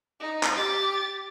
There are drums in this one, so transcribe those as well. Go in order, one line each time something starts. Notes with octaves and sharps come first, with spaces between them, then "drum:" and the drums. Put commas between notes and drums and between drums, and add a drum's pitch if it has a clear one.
D#4
drum: clap
G4 A6